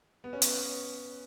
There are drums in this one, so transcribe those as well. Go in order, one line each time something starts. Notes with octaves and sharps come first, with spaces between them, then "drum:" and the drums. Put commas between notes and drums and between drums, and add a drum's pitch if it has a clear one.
B3
C#4
B3, drum: hi-hat